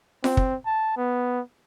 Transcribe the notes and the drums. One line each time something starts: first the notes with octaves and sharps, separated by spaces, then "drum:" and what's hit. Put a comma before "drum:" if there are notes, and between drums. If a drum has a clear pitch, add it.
C4, drum: snare F4
drum: kick
A5
B3